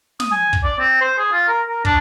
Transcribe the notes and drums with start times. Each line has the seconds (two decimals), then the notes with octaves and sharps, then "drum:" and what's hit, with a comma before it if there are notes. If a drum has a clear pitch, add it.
0.20 D#6, drum: snare
0.32 G#5
0.53 drum: kick
0.64 D5
0.79 C4
1.01 C5
1.18 G#4
1.32 F4
1.48 A#4
1.68 A#4
1.85 D4, drum: kick